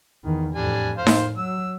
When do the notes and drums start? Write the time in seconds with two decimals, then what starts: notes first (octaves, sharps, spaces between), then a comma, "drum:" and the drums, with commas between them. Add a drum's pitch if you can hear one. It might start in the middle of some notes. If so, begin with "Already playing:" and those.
0.24 E2 D#3
0.54 F2 A2 G3 D4 G#5
0.97 A2 C5 F5
1.07 drum: snare D#4
1.38 F#3 E6